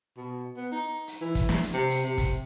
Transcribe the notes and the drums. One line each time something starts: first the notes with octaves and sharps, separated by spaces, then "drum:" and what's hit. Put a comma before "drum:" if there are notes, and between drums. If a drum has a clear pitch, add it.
B2
B3
D#4
drum: hi-hat
E3
drum: kick, hi-hat
drum: snare
drum: hi-hat
C3
drum: hi-hat
C3
drum: kick, hi-hat